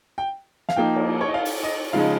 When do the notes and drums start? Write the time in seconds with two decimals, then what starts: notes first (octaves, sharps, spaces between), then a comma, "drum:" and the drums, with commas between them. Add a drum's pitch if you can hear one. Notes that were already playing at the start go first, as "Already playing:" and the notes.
0.18 G5
0.69 F5, drum: snare
0.76 F3 A#3 D#4 G5
0.96 drum: cymbal
1.21 C#5
1.28 D#5
1.34 F5
1.45 drum: open hi-hat
1.63 D#5
1.93 C#3 F3 G#3 D#4 F5